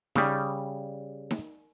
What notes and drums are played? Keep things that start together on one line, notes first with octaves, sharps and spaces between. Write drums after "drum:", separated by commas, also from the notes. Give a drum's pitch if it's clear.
C#3 G3, drum: snare D#4
drum: snare D#4